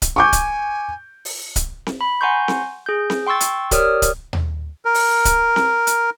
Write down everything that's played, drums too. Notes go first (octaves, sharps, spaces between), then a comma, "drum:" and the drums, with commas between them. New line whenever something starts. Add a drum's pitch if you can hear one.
drum: kick C#1, hi-hat
G#5 C#6 D6 G6
drum: kick C#1, hi-hat
drum: open hi-hat
drum: kick C#1, hi-hat
drum: snare C4
B5
F#5 G#5 A#5 C6 C#6 G6
drum: snare C4
G#4 G6
drum: snare C4
G5 C6 C#6 E6 A6
drum: hi-hat
G4 A#4 C#5 D5 D#6 F6, drum: kick C#1, hi-hat
drum: kick C#1, hi-hat
drum: tom D#2
A#4
drum: open hi-hat
drum: kick C#1, hi-hat
drum: snare C4
drum: hi-hat